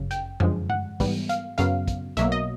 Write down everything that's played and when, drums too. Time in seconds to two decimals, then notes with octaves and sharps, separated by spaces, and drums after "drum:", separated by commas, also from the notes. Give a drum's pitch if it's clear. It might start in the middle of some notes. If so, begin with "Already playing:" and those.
Already playing: G1 F#2 C#3
0.11 G5, drum: hi-hat
0.40 F#2 D3 F3 G#3, drum: tom F2
0.70 F#5, drum: tom G2
1.00 G#2 E3 G3 B3, drum: kick, open hi-hat
1.29 F5, drum: hi-hat
1.58 F#2 C#3 F#3 B3 F5, drum: hi-hat
1.88 drum: kick, hi-hat
2.17 B1 B2 F#3 A#3 E5, drum: hi-hat
2.32 D#5